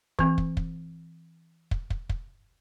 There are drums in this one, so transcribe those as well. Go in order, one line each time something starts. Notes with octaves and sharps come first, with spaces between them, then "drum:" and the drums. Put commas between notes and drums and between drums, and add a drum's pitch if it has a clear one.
E3 C4, drum: kick
drum: kick
drum: kick
drum: kick
drum: kick
drum: kick